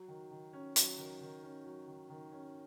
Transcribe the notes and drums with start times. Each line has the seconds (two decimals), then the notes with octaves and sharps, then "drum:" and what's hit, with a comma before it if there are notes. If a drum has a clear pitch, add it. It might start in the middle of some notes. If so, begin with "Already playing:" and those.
Already playing: F#3
0.08 D#3
0.31 D#3
0.53 C#4
0.76 F#3, drum: hi-hat
0.98 D#3
1.21 D#3
1.43 C#4
1.65 F#3
1.88 D#3
2.10 D#3
2.32 C#4